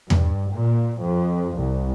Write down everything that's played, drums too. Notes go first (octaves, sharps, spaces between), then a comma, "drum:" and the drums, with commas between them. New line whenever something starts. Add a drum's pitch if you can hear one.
G2, drum: tom E2
A#2
F2
C2